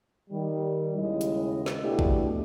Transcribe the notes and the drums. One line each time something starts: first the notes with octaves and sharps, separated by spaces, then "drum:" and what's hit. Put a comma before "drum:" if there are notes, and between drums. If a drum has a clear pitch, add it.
D#3 G3
D#2 C#3 G#3 E4 D#5
drum: hi-hat
drum: snare
B2 A3 D4 E4 G4
drum: kick A1